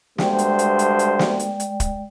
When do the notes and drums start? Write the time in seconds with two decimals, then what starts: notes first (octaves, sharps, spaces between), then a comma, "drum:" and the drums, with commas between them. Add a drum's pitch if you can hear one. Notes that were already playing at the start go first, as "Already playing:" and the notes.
0.18 D2 G2 G#3 C5 D5 G5, drum: snare
0.39 drum: hi-hat
0.59 drum: hi-hat
0.79 drum: hi-hat
0.99 drum: hi-hat
1.19 drum: snare
1.39 drum: hi-hat
1.60 drum: hi-hat
1.80 drum: kick, hi-hat